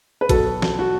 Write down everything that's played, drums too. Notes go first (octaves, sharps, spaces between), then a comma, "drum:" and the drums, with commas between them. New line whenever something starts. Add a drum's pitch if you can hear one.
B4
B2 F#3 A4, drum: kick A1, hi-hat
drum: snare
F#4